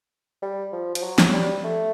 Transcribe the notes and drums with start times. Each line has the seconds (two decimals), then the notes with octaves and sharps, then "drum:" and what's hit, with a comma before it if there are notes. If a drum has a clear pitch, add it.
0.42 G3
0.73 F3
0.95 F3, drum: hi-hat
1.03 F#3
1.18 drum: snare
1.33 G3
1.64 A3